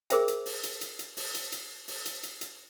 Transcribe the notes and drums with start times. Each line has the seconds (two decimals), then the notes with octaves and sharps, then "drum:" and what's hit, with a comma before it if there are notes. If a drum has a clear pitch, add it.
0.10 G#4 A#4 C5 E5 G5, drum: hi-hat
0.28 drum: hi-hat
0.46 drum: open hi-hat
0.63 drum: hi-hat
0.81 drum: hi-hat
0.99 drum: hi-hat
1.17 drum: open hi-hat
1.34 drum: hi-hat
1.52 drum: hi-hat
1.88 drum: open hi-hat
2.05 drum: hi-hat
2.23 drum: hi-hat
2.41 drum: hi-hat